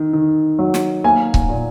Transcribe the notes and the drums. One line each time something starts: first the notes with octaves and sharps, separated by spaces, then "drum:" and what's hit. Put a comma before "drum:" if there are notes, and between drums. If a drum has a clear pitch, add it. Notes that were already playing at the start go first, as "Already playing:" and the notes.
Already playing: D#3
D#3
F#3
drum: snare
A#3 G#5
drum: kick C#1
A#2